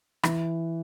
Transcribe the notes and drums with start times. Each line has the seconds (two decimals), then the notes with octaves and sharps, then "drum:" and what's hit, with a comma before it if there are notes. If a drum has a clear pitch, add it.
0.23 E3, drum: rim click